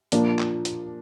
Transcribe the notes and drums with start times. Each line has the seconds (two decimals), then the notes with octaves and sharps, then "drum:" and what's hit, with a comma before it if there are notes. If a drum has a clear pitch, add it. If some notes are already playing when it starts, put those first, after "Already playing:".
0.12 A#2 F3 A#3 D4, drum: hi-hat
0.39 drum: clap
0.65 drum: hi-hat